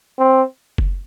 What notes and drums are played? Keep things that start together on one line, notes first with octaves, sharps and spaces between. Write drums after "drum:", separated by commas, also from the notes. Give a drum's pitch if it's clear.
C4
drum: kick F#1